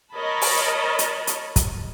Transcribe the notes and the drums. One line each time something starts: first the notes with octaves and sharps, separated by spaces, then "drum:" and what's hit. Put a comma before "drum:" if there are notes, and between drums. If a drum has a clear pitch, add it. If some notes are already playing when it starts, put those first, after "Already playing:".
A#4 C#5 D#5 A5 B5
drum: open hi-hat
drum: hi-hat
drum: hi-hat
drum: kick, hi-hat